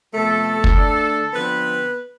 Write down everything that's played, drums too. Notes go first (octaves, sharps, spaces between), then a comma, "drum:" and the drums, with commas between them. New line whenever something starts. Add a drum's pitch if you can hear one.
C3 F3 A3 B3 A4
drum: kick
D3 A3 D4
D3 F3 B3 C4 B4